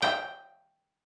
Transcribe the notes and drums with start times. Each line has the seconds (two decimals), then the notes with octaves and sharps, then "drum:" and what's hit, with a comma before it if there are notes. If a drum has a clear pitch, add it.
0.02 G5, drum: clap